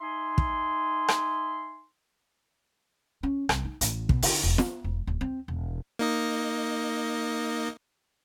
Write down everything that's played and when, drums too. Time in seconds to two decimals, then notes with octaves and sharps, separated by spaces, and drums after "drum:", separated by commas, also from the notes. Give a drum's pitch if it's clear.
0.01 D#4 E5 G#5 C6
0.38 drum: kick
1.08 drum: rim click
3.23 C#4
3.49 C2, drum: rim click
3.65 D#4
3.81 A1, drum: hi-hat
4.09 B2, drum: kick
4.22 D3, drum: open hi-hat
4.43 E1
4.58 B3, drum: snare
4.84 E1
5.07 D1
5.21 C4
5.48 E1
5.99 A#3 D#4 D#5